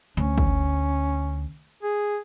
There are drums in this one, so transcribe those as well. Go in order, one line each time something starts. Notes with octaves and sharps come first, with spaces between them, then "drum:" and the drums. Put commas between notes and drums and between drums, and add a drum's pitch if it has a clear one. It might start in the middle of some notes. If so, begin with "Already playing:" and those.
D2 C#4
drum: kick
G#4